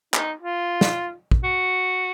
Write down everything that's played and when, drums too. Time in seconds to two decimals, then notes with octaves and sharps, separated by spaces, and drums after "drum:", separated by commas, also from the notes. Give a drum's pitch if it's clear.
0.14 D#4, drum: clap
0.40 F4
0.81 drum: snare
1.31 drum: kick
1.44 F#4